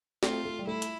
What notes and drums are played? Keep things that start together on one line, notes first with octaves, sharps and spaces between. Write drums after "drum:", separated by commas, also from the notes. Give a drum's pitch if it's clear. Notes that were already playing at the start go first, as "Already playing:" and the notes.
A3 C4 F4, drum: snare
A3
G3
A3 E4
drum: hi-hat